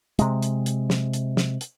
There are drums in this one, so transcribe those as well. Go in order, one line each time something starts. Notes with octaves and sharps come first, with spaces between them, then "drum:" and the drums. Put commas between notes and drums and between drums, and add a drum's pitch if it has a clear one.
C3 G#3, drum: hi-hat
drum: hi-hat
drum: hi-hat
drum: snare
drum: hi-hat
drum: snare
drum: hi-hat